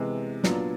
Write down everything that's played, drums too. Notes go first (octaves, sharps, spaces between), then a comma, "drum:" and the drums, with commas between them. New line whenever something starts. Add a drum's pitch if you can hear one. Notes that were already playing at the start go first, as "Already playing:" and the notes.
Already playing: C3 E3 G#3 B3
A#2 F#3 B3 D4 F4, drum: snare